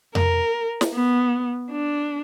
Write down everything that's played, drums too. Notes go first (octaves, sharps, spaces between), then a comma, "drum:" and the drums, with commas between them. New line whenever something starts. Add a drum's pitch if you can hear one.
A#4, drum: tom F2
drum: snare
B3
D4